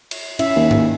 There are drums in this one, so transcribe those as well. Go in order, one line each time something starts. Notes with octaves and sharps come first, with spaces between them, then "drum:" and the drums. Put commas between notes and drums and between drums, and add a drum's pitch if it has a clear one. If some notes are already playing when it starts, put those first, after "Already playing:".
drum: cymbal
C#4 E4 E5, drum: cymbal
D#2
drum: tom G#2